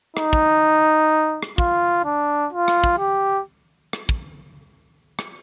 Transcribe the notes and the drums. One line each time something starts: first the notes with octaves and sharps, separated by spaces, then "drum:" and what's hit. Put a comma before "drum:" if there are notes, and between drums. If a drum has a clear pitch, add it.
D#4, drum: rim click
drum: kick
drum: rim click
F4, drum: kick
D4
F4
drum: rim click
drum: kick
G4
drum: rim click
drum: kick
drum: rim click